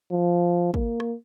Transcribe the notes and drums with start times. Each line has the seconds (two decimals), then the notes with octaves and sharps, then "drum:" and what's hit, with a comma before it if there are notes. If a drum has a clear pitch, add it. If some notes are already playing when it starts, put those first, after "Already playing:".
0.11 F3
0.74 A#3, drum: kick
1.00 drum: rim click